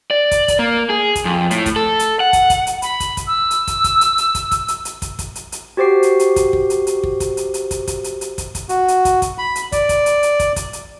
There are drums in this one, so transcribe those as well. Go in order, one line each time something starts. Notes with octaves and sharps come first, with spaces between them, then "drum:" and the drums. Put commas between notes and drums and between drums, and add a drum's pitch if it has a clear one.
D5
drum: kick, hi-hat
drum: kick, hi-hat
A#3
G#4
drum: kick, hi-hat
F2
A2, drum: hi-hat
drum: kick, hi-hat
A4
drum: hi-hat
F#5
drum: kick, hi-hat
drum: kick, hi-hat
drum: hi-hat
B5, drum: hi-hat
drum: kick, hi-hat
drum: kick, hi-hat
E6
drum: hi-hat
drum: kick, hi-hat
drum: kick, hi-hat
drum: hi-hat
drum: hi-hat
drum: kick, hi-hat
drum: kick, hi-hat
drum: hi-hat
drum: hi-hat
drum: kick, hi-hat
drum: kick, hi-hat
drum: hi-hat
drum: hi-hat
F#4 G4 C5 D6 C7
drum: hi-hat
drum: hi-hat
drum: kick, hi-hat
drum: kick
drum: hi-hat
drum: hi-hat
drum: kick
drum: kick, hi-hat
drum: hi-hat
drum: hi-hat
drum: kick, hi-hat
drum: kick, hi-hat
drum: hi-hat
drum: hi-hat
drum: kick, hi-hat
drum: kick, hi-hat
F#4, drum: hi-hat
drum: hi-hat
drum: kick, hi-hat
drum: kick, hi-hat
B5
drum: hi-hat
D5, drum: kick, hi-hat
drum: kick, hi-hat
drum: hi-hat
drum: hi-hat
drum: kick, hi-hat
drum: kick, hi-hat
drum: hi-hat